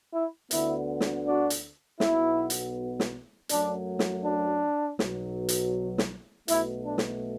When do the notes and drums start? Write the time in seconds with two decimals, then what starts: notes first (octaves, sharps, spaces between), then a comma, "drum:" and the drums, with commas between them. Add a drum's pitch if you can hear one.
0.13 E4
0.51 D2 D3 B3 E4, drum: hi-hat
1.00 drum: snare
1.25 D4 F#4
1.50 drum: hi-hat
2.00 B1 B2 B3 E4, drum: snare
2.50 drum: hi-hat
3.00 drum: snare
3.49 F#2 F#3 A3 D4, drum: hi-hat
3.99 drum: snare
4.24 D4
4.99 B1 B2 F#3, drum: snare
5.49 drum: hi-hat
5.98 drum: snare
6.48 B1 B2 A3 E4, drum: hi-hat
6.85 D4
6.98 drum: snare